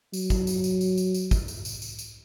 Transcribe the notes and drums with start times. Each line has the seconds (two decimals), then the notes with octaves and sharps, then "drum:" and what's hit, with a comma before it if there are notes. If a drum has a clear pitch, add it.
0.13 F#3, drum: tambourine
0.30 drum: kick, tambourine
0.47 drum: tambourine
0.64 drum: tambourine
0.81 drum: tambourine
0.98 drum: tambourine
1.14 drum: tambourine
1.31 drum: kick, tambourine
1.48 drum: tambourine
1.65 drum: tambourine
1.82 drum: tambourine
1.99 drum: tambourine